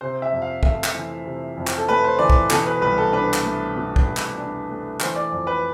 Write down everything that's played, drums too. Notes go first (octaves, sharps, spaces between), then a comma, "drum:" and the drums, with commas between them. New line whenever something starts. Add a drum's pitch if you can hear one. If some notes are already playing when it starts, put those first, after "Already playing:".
C3 C5
E5
F2
F5
A3 E5, drum: kick
drum: clap
E3
C3
F2
drum: clap
A4
A3 B4
C5
E3 D5
drum: kick
B2 A4, drum: clap
B4
C2 B4
A4
D4 B4
drum: clap
A3
B2
drum: kick
C2
drum: clap
D4
A3
E3 C5, drum: clap
D5
F2
B4